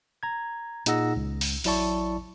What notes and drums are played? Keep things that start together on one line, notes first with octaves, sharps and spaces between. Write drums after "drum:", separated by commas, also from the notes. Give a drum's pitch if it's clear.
A#5 G#6
A#2 D#4 G#4 F#5 E6 A#6, drum: hi-hat
C#2
drum: open hi-hat
A1 F#3 E4 D5 A5 C#6, drum: open hi-hat